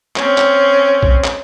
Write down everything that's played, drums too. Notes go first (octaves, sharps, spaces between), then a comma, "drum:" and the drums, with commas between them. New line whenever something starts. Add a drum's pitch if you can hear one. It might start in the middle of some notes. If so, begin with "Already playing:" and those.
C4 C#4, drum: clap
drum: clap
drum: kick
drum: clap